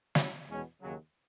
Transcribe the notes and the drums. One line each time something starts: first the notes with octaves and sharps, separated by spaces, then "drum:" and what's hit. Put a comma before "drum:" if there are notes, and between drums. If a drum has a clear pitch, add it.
C#3 F#3 C#4 E4, drum: snare
E2 B2 G#3 C#4
D#2 C#3 F#3